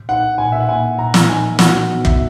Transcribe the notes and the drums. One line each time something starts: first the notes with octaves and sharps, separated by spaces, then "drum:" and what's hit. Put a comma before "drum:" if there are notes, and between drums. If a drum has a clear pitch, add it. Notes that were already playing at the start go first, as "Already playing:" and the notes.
Already playing: A#2
D#4 F#5
A#2 G#5
E5
F#5
A#3 G#5
A#2 A#5
drum: snare
D#4 G#5
F#4 F#5, drum: snare
B3
E5, drum: kick